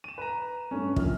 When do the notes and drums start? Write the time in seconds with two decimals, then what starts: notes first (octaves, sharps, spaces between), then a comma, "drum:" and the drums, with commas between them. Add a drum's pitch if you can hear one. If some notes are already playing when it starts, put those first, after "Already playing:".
0.04 D#7 E7
0.18 B4 A#5
0.71 G2 A3 C#4
0.96 A#1 F6, drum: kick